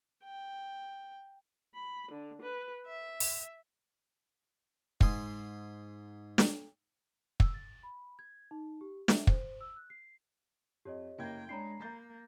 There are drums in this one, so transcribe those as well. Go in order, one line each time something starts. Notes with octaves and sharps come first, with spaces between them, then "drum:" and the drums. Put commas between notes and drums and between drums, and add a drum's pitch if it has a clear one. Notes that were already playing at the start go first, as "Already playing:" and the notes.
G5
B5
D3
B4
E5
drum: open hi-hat
G#2 G#5 C6 D#6, drum: kick
drum: snare
E6, drum: kick
A6
B5
G#6
D#4
G4
E5, drum: snare
C5, drum: kick
E6
F#6
C7
F2 G4 C#5 D#5
F#1 A#3 G5 G#6
G#3 D4 C#5 A#5 B5 C7
A#3 G6 A6